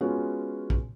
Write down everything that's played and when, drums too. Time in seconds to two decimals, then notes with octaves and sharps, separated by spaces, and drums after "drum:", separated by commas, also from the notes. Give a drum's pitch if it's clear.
0.01 G#3 B3 C#4 F4 F#4
0.70 drum: kick